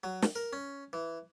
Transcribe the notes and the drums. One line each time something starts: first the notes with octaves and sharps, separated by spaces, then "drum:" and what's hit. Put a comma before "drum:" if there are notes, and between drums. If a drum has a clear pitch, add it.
F#3
drum: snare
A#4
C#4
E3